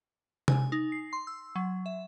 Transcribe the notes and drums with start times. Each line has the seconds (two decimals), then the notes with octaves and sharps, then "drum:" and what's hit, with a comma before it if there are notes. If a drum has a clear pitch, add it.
0.48 G#5, drum: tom C3
0.72 D#4
0.92 C7
1.13 C6
1.27 E6
1.56 F#3
1.86 E5